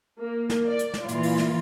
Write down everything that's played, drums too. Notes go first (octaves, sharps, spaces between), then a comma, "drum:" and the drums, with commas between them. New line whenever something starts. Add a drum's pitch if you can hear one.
A#3
drum: snare
D5
drum: hi-hat
drum: snare
A#2 E3 F4, drum: hi-hat
drum: open hi-hat
drum: snare